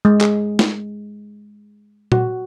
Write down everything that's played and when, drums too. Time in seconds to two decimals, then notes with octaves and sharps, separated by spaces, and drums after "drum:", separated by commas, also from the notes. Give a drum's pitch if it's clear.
0.05 G#3
0.21 G#4, drum: clap
0.59 drum: snare
2.12 F#4, drum: tom A#2